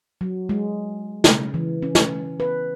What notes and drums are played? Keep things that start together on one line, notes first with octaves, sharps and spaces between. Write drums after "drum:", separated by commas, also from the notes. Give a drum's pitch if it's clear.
F#3
G#3
C#3, drum: snare
E3
C#4
drum: snare
B4